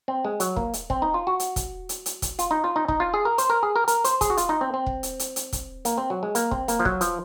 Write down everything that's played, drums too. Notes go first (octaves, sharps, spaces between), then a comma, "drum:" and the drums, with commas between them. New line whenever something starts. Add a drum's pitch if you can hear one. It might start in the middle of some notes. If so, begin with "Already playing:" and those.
C4
G#3
F#3, drum: hi-hat
A#3, drum: kick
drum: hi-hat
C4, drum: kick
D#4
F4
F#4
drum: hi-hat
drum: kick, hi-hat
drum: hi-hat
drum: hi-hat
drum: kick, hi-hat
F4, drum: hi-hat
D#4
F4
D#4
D#4, drum: kick
F4
G#4
A#4
C5, drum: hi-hat
A#4
G#4
A#4
A#4, drum: hi-hat
C5, drum: hi-hat
G#4, drum: kick, hi-hat
F#4
F4, drum: hi-hat
D#4
C4
C4
drum: kick
drum: hi-hat
drum: hi-hat
drum: hi-hat
drum: kick, hi-hat
A#3, drum: hi-hat
C4
F#3
G#3
A#3, drum: hi-hat
C4, drum: kick
A#3, drum: hi-hat
F3
F#3, drum: kick
F3, drum: hi-hat